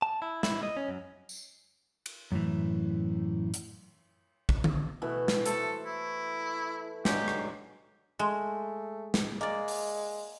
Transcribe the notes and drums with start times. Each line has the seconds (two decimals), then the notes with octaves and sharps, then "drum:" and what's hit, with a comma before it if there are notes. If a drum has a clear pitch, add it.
0.02 A5
0.22 E4
0.43 E4, drum: snare
0.63 D#5
0.77 C#4
0.89 F#2
1.29 drum: tambourine
2.06 drum: cymbal
2.32 F#2 A2 E3
3.54 drum: hi-hat
4.49 drum: kick
4.64 drum: tom D3
5.02 B2 E3 A3
5.28 drum: snare
5.46 A3 A4 C5, drum: hi-hat
5.85 E4
7.05 D3 F#3 G#3 G4, drum: snare
7.28 drum: rim click
8.19 G#3 A3
9.14 drum: snare
9.41 G#3 A#3 D5
9.68 drum: open hi-hat